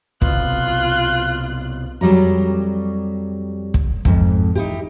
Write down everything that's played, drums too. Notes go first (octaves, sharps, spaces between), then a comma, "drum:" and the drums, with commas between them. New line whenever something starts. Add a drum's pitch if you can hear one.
C2 B2 F4 F#6, drum: kick
F2 F#3 G3 D5 A#5
drum: kick
F2 G#2, drum: kick
D#4 E4 G4